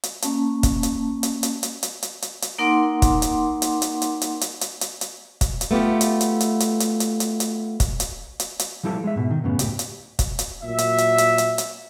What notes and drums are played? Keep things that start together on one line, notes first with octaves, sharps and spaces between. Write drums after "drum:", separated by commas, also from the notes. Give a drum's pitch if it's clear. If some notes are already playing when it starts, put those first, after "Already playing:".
drum: hi-hat
A#3 C#4 A5, drum: hi-hat
drum: kick, hi-hat
drum: hi-hat
drum: hi-hat
drum: hi-hat
drum: hi-hat
drum: hi-hat
drum: hi-hat
drum: hi-hat
drum: hi-hat
A#3 D#4 A#4 F#5 C6 D6
drum: kick, hi-hat
drum: hi-hat
drum: hi-hat
drum: hi-hat
drum: hi-hat
drum: hi-hat
drum: hi-hat
drum: hi-hat
drum: hi-hat
drum: hi-hat
drum: kick, hi-hat
drum: hi-hat
A3 B3 F4 G4
drum: hi-hat
drum: hi-hat
drum: hi-hat
drum: hi-hat
drum: hi-hat
drum: hi-hat
drum: hi-hat
drum: hi-hat
drum: kick, hi-hat
drum: hi-hat
drum: hi-hat
drum: hi-hat
F3 G3 E4 G4 A4
G#3 E5
G#2 B2
D#3
F#2 A2 C#3 B3
C#2 A2 G4, drum: hi-hat
drum: hi-hat
drum: kick, hi-hat
drum: hi-hat
A#2 F#3 E5
drum: hi-hat
drum: hi-hat
drum: hi-hat
drum: hi-hat
drum: hi-hat